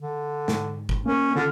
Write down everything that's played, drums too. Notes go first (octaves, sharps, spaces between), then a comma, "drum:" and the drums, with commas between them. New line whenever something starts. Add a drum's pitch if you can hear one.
D3
G#2, drum: snare
drum: kick
A#3 C#4 A#4
D3 C#4 F4 F6